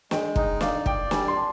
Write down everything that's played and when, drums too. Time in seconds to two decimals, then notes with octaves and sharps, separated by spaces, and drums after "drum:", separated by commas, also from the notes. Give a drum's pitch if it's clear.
0.11 G#3 G5, drum: snare
0.36 D#4, drum: kick
0.61 D5 F5, drum: snare
0.86 D5 G5, drum: kick
1.11 G3 G#5, drum: snare
1.28 C6
1.36 D4